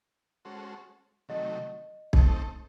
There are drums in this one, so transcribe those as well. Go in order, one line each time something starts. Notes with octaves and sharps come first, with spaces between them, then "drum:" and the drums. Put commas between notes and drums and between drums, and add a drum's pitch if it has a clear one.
G#3 C#4 F#4 A4 C5
C3 D#3 F#3 A3 D#5
A3 C4 D#4 A4, drum: kick